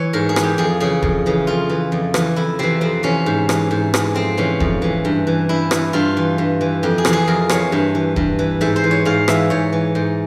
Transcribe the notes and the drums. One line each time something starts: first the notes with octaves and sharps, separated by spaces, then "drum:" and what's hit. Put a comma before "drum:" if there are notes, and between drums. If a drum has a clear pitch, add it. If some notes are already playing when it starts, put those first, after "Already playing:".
Already playing: E3 C#5
G#2 A#4
G#4
E3, drum: rim click
G4
F2 G#4
C#3 E3 G#4
F2, drum: kick D#1
C#3 E3
F2 F4
E3
F2
E3, drum: rim click
F2 E4
C3 E3 C4
F2 C4
C3 E3 C#4
G#2
E3, drum: rim click
G#2
E3, drum: rim click
F2 C4
C3 E3 C#4
F2, drum: kick D#1
C3 E3
G2
E3
G2 E4
E3 E4, drum: rim click
G2 F4
E3
G2
E3
F2 G4
G#4
C3 E3, drum: rim click
G#4
F2 A#4
C3 E3 C#5, drum: rim click
G2
E3
G2, drum: kick D#1
E3
G#2 E5
C5
E3
C#5
G#2 F5
E3 E5, drum: rim click
G#2 C#5
E3
G#2